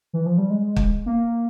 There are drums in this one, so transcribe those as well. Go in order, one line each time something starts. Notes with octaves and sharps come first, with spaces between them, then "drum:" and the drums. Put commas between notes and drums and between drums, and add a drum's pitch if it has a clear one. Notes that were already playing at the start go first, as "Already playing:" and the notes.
E3
F3
G3
G#3
drum: kick
A#3